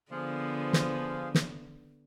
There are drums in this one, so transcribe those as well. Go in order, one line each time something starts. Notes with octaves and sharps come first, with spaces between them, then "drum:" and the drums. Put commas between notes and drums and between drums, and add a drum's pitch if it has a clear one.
D3 F3 B3 G#4 C5 F5
drum: snare
drum: snare